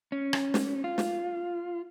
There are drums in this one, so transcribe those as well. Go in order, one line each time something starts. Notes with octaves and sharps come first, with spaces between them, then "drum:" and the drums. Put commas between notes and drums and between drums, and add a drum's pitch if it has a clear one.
C#4
drum: rim click
drum: snare
F4
drum: snare